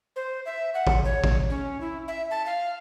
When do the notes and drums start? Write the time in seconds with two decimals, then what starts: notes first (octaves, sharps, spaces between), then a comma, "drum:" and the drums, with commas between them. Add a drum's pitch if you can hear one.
0.16 C5
0.46 E5
0.74 F#5
0.87 drum: kick A1
1.05 C#5
1.24 drum: kick A1
1.50 C#4
1.80 E4
2.08 E5
2.31 A5
2.46 F5